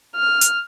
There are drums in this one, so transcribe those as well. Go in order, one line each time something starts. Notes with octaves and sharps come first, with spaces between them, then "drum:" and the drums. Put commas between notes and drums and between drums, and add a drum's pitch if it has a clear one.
F6
drum: hi-hat